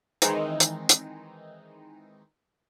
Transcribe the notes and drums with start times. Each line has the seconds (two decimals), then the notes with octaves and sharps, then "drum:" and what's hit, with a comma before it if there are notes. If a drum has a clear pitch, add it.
0.22 D#3 E3 G#3 C4 D#4, drum: hi-hat
0.60 drum: hi-hat
0.89 drum: hi-hat